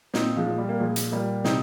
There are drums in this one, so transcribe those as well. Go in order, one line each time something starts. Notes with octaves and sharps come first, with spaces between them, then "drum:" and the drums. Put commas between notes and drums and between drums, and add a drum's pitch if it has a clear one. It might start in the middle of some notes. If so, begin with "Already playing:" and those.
A#2 C4 D#4, drum: snare
F3 G#3
A#2
G3
A#3
A#2 F3 G#3
drum: hi-hat
A#2 G3 A#3
C3 C4 D#4, drum: snare